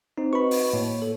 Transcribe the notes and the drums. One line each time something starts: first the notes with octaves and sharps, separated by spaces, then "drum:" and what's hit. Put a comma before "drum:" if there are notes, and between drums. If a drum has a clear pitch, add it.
C4 D#4 C5
F#4 B4 D#5 B5 C#6
drum: open hi-hat
A2 A#3 C#5
A4